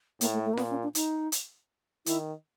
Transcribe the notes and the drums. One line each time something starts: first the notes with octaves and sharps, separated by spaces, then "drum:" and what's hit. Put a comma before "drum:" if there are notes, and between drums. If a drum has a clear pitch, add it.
A2 A#3, drum: hi-hat
A3
A3
A#3
A#2 B3, drum: snare F4
C#4
D4
D#4, drum: hi-hat
drum: hi-hat
D#3 E4, drum: hi-hat